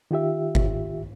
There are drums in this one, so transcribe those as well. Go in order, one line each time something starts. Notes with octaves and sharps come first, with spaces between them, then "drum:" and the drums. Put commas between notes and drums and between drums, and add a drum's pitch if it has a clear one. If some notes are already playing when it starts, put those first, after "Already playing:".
D#3 F4 G4 E5
drum: kick G1